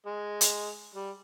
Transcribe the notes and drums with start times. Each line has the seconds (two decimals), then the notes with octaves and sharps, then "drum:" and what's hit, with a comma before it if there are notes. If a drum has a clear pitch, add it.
0.06 G#3
0.41 drum: hi-hat
0.95 G3